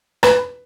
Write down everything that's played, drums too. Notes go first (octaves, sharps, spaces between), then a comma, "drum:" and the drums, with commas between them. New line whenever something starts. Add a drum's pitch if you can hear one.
B4, drum: rim click